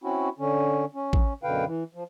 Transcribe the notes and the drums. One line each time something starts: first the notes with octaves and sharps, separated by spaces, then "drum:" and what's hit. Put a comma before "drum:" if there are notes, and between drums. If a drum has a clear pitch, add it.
C4 C#4 E4 F#4
D3 C#4
C#4
drum: kick
F#2 B2 D3 B4 F5 G5
E3
F3